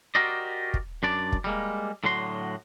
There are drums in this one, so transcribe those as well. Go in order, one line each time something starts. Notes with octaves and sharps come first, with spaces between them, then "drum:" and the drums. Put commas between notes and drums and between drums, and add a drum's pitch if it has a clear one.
F#4 G4 A#4 C5 D5 D#5
drum: kick
F#2 D4 D5
drum: kick
G3 G#3 A#3
A2 D3 F#3 F#4 C6